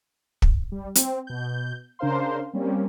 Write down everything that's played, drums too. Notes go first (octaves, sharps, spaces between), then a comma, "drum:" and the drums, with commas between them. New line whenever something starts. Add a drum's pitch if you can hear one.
drum: kick
G3
C4, drum: hi-hat
B2 G6
C#3 D4 A#4 C5 F5 C6
G3 A#3 C4 C#4